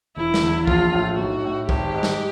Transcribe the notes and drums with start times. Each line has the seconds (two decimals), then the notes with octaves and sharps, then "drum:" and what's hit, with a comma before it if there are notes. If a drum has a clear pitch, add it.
0.16 E1 E4
0.34 drum: snare
0.43 E2
0.67 A#1 F4, drum: kick
0.93 A2
1.18 B1 F#4
1.44 A2
1.69 G#1 G4, drum: kick
1.94 G#2
2.03 drum: snare